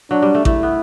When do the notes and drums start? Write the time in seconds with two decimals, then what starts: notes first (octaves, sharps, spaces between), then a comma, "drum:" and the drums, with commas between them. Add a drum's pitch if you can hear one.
0.11 F#3 D4
0.22 G3
0.35 A3
0.45 A3 E4, drum: kick A1
0.63 B3